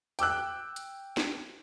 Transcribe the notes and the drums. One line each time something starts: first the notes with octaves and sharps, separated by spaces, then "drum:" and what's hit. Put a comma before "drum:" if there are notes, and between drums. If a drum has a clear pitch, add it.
G5 D6 E6 F#6, drum: hi-hat
drum: hi-hat
drum: snare